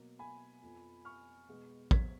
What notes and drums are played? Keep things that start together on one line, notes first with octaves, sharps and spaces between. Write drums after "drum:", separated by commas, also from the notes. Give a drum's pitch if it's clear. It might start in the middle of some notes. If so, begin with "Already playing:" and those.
Already playing: B2 F#3 A#3
G#5 B5
F2 F3 B3
C#6 F6
B2 G#3 B3
G#6 B6, drum: kick